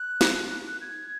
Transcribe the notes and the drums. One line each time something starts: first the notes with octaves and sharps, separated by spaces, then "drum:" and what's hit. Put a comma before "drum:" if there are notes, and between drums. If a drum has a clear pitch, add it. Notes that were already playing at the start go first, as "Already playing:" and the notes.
Already playing: F#6
drum: snare
F#6
F#6
G#6